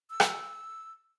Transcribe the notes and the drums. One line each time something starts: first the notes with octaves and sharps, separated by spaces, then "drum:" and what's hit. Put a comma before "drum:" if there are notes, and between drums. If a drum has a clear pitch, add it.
E6
drum: rim click